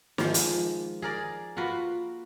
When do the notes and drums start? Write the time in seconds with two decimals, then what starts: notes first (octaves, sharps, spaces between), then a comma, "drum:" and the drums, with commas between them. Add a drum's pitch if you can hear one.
0.18 D#3 F3 G#3, drum: snare
0.34 drum: hi-hat
1.02 G#4 A#4 D5
1.57 A#3 F4 F#4 B4